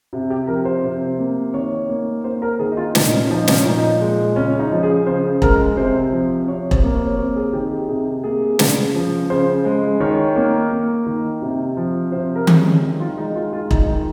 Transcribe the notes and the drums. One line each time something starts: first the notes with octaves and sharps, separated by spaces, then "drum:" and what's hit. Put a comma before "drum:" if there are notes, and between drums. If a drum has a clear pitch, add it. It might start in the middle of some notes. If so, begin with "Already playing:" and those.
C3
G4
F3 A#4
C5
C3
A#3
D#3 C#5
A#3
A#3 C5
A#4
D#3 G#4
D#4
F4
A#2 D#4, drum: snare
C#4
F3 D#4
C#4, drum: snare
A#2 D#4
G#3
C#3 C#4
D#4
F3
G#4
C#3 C5
G#3 A#4, drum: kick E1
C3 C5
F3
C3 C#5
C5, drum: kick E1
A#3
C#5
C3 C5
G#4
D#3 G4
G#4
C3 G#4
A#3 G#4
C#3, drum: snare
F3
C#3 C5
G#3
D#3 C#5
A#3
A#3
D#3
C3
F3
C3 C5
A#4
G#3, drum: tom D#3
C#4
D#3 D#4
F4
G#3 D#4
F4
G#3 F4
D#4, drum: kick E1
D#3